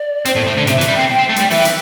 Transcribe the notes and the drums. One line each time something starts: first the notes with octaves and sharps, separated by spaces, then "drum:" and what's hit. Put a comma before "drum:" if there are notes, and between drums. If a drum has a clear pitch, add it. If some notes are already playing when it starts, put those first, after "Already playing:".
Already playing: D5
C4 C5, drum: hi-hat
A2
A2
D3
C3 E5, drum: hi-hat
E3
E5, drum: hi-hat
G3
C4 G5
G5
C4
A3
G3 G5, drum: hi-hat
E3 E5, drum: open hi-hat
drum: hi-hat